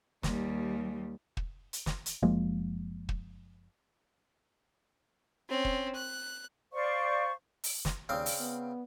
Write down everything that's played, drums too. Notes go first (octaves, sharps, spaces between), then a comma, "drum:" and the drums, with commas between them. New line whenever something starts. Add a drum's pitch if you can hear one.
D#2 G3, drum: snare
drum: kick
drum: hi-hat
drum: snare
drum: hi-hat
F#1 F3 G#3 A#3
drum: kick
C4 C#4
drum: kick
F#6
C5 D5 F5 C#6
drum: open hi-hat
drum: snare
D#2 C#3 C4 D5 F5 D#6 E6
drum: open hi-hat
B3